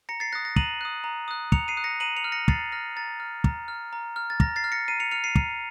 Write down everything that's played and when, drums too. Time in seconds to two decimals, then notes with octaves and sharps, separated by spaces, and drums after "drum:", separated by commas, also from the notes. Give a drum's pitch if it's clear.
0.09 A#5 A#6 C#7
0.20 A6 C7
0.33 D#6 F#6 A#6
0.45 A#6
0.56 A#5 D#7 F#7, drum: kick
0.81 D#6 F#6
1.04 A#5
1.28 D#6 F#6
1.52 A#5 C#7 F7, drum: kick
1.68 C7 D#7
1.77 D#6 F#6
1.84 A#6 C#7
2.00 A#5 D#7 F#7
2.16 C#7 F7
2.24 F6
2.32 A#6 C#7
2.48 A#5 A6 C7, drum: kick
2.72 F6 A#6
2.96 A#5 A6
3.20 F6
3.44 A#5, drum: kick
3.68 F6
3.93 A#5
4.16 F6
4.30 A6
4.40 A#5 A#6, drum: kick
4.56 A6 C7
4.64 F6
4.72 A#6 C#7
4.88 A#5 C7 D#7
5.00 C#7 F7
5.11 F6 C#7 F7
5.24 C7 D#7
5.36 A#5, drum: kick